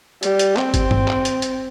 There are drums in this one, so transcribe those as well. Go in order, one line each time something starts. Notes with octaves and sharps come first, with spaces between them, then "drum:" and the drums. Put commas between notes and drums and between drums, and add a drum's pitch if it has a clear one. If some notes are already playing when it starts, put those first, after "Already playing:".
G3, drum: hi-hat
drum: hi-hat
C4, drum: clap
drum: kick G1, hi-hat
drum: tom G2
drum: clap
drum: hi-hat
drum: hi-hat